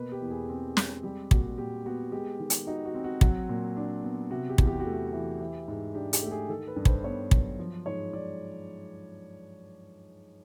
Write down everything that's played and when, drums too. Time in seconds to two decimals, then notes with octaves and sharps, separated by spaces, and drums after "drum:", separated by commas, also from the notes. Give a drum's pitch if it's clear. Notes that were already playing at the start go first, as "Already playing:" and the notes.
Already playing: B2 A#3 B4
0.12 G4
0.21 E2
0.31 G#4
0.49 C4
0.77 G#3, drum: snare
1.03 G3 G4
1.31 A#2 F#4, drum: kick
1.58 A#2 G4
1.86 B3 F#4
2.12 G#3 G4
2.40 D#3
2.50 drum: hi-hat
2.67 D#4 F#4
2.85 F#4
2.95 C4
3.04 F#4
3.21 F#3 F#4, drum: kick
3.49 A#2
3.77 D4
4.04 B3
4.30 C3 F#4
4.49 G4
4.58 E2, drum: kick
4.67 G4
4.80 F#4
4.86 A3
4.93 G4
5.13 E3
5.41 E3
5.68 G#2
5.95 D4 G4
6.13 G4, drum: hi-hat
6.23 A3 G4
6.31 G#4
6.49 D#3 A4
6.68 B4
6.76 G2
6.85 C5, drum: kick
7.04 B3 C#5
7.31 F#3, drum: kick
7.59 F3
7.86 G#2 C#5
8.13 G#2 D5